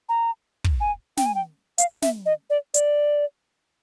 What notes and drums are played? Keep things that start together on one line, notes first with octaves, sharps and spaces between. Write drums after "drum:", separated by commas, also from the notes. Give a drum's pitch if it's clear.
A#5
drum: kick
G#5
G5, drum: snare
G#5
G5
F5, drum: hi-hat
E5, drum: snare
D#5
D5
D5, drum: hi-hat